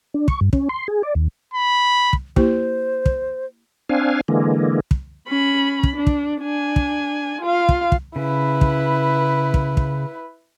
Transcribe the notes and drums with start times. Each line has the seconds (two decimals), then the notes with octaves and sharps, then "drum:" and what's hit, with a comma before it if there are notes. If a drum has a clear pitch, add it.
0.14 D4
0.28 C#6, drum: kick
0.41 G2
0.53 C#4, drum: kick
0.69 C6
0.88 G#4
1.03 D5
1.15 D#2
1.54 B5
2.13 drum: kick
2.36 A#3 E4 G4 C5, drum: kick
3.06 drum: kick
3.89 C4 D4 F5 G#5
4.28 D3 E3 G#3 A#3
4.91 drum: kick
5.28 C#4 B5
5.83 drum: kick
5.96 D4
6.07 drum: kick
6.41 D4 G#5
6.76 drum: kick
7.42 F4 F5
7.69 drum: kick
7.92 drum: kick
8.16 C#3 E4 B4
8.61 drum: kick
9.54 drum: kick
9.77 drum: kick